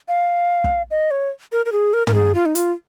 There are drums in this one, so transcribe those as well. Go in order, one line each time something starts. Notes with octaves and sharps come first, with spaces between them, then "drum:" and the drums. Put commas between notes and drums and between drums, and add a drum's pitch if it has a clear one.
F5
drum: kick
D#5
C#5
A#4
A#4
G#4
A#4
A#4, drum: tom
G#4
F4
D#4
F4, drum: hi-hat